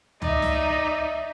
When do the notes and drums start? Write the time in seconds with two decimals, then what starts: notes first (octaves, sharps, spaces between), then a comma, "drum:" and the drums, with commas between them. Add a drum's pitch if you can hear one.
0.22 D#4 D5 E5, drum: tom C#2
0.42 drum: snare